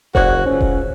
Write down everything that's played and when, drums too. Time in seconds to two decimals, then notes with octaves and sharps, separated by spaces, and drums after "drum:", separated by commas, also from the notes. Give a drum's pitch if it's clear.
0.15 F#1 F#4 C5 D5, drum: kick E1
0.46 C#2 C#4
0.61 drum: kick E1